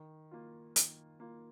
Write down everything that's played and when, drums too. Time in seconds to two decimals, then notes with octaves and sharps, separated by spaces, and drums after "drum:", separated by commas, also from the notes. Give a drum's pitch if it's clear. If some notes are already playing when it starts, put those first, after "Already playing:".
Already playing: D#3
0.31 A#3 F4
0.76 D#3, drum: hi-hat
1.20 A#3 F4